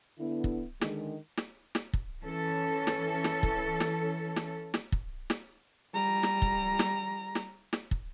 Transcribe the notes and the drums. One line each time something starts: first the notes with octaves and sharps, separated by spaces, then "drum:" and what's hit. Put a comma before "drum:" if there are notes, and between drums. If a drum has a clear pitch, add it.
D3 B3 E4
drum: kick
D3 D#3 G#3, drum: snare
drum: snare
drum: snare
drum: kick
E3 C#4 A4
drum: snare
drum: snare
drum: kick
drum: snare
drum: snare
drum: snare
drum: kick
drum: snare
G3 A#5
drum: snare
drum: kick
drum: snare
drum: snare
drum: snare
drum: kick